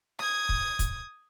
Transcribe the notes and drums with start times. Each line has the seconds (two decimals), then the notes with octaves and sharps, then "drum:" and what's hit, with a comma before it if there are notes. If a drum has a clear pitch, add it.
0.19 D#6 G#6, drum: rim click
0.49 drum: kick
0.79 drum: kick, hi-hat